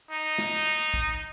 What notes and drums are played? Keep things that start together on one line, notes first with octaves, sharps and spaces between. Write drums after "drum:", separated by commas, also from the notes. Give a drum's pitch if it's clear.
D#4
drum: snare
drum: kick